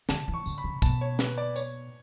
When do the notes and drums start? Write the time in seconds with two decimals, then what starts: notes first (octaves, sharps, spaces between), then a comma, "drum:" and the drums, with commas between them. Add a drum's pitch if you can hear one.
0.09 D3 A5, drum: snare
0.28 E3
0.34 C#6
0.46 D3, drum: tambourine
0.58 B5
0.64 C#3
0.82 B2 A5, drum: kick A#1, tambourine
1.01 C#5
1.19 B4, drum: snare
1.38 D5
1.56 C#5, drum: tambourine